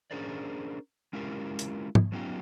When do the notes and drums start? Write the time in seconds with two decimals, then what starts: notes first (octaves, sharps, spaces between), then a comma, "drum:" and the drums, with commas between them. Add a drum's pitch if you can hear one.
0.11 C#4 D4 G#4 A#4 C5 D5
1.13 G#3 C#4 E4 F4 G4 A#4
1.59 drum: hi-hat
1.95 drum: tom G#2
2.12 F#3 B3 C#4 D#4 F4 G4